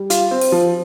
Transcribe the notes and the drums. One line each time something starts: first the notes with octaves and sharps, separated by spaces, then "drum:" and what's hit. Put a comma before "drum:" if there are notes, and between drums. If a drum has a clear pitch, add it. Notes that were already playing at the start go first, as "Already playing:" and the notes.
Already playing: G3
F4, drum: hi-hat
C4
drum: open hi-hat
F3